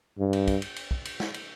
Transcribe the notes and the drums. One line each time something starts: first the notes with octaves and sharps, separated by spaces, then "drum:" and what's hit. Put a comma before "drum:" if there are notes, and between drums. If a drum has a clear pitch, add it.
G2
drum: cymbal
drum: kick, cymbal
drum: cymbal
drum: cymbal
drum: kick
drum: cymbal
drum: snare
drum: cymbal